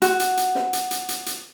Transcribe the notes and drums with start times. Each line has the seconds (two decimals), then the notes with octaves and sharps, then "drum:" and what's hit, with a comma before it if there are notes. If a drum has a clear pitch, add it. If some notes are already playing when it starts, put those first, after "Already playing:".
0.02 F#4, drum: hi-hat
0.20 drum: hi-hat
0.37 drum: hi-hat
0.55 drum: snare
0.73 drum: hi-hat
0.91 drum: hi-hat
1.09 drum: hi-hat
1.26 drum: hi-hat